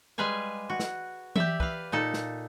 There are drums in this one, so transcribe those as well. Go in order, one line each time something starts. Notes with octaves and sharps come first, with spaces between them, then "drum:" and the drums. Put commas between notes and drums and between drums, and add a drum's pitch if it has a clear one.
G3 G#3 G#4 B4 F5 G#5
F#4
drum: snare
G4 D5 E5, drum: tom E3
B4 F5, drum: kick
A#2 D#4 A4
drum: snare